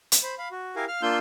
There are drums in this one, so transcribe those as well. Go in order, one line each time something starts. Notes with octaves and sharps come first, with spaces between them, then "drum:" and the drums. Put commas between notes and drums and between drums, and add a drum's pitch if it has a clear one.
drum: hi-hat
C5 B5
F5 B5
F#4
E4 G4 A#4 F5 G#5
F5 F6
A#3 D4 F4 C6 E6 G6